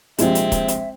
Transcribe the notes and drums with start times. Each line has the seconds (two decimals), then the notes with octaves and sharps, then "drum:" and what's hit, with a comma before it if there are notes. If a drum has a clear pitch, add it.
0.18 A#1 C3 G#3 C4 E5, drum: hi-hat
0.35 drum: hi-hat
0.52 drum: kick, hi-hat
0.68 drum: hi-hat